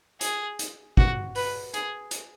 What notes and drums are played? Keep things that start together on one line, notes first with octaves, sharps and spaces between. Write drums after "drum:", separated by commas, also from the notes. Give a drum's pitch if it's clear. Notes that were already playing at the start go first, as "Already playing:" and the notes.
G#4, drum: hi-hat
drum: hi-hat
F#4, drum: kick
B4, drum: open hi-hat
G#4, drum: hi-hat
drum: hi-hat